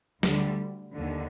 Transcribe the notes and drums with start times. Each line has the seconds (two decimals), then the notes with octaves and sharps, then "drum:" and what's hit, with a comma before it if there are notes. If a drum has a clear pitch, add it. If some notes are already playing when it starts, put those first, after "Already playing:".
0.23 D2 D3 G3, drum: snare
0.96 D#2 D3